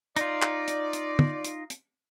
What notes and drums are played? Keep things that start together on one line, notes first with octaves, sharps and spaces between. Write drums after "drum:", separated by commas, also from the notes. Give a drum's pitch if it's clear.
D#4 F4 D5, drum: hi-hat
drum: clap
drum: hi-hat
drum: hi-hat
drum: tom
drum: hi-hat
drum: hi-hat